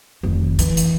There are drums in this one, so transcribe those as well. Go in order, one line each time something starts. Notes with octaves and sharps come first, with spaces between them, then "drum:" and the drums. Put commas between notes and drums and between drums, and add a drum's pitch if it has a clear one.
F1 D#3
E3, drum: hi-hat
drum: hi-hat